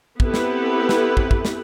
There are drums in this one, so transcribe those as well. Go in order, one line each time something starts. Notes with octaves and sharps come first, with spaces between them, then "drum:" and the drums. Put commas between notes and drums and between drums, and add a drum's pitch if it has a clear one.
B3 C4 E4 G4 A4 B4, drum: kick
drum: snare
drum: snare
drum: kick
drum: kick
drum: snare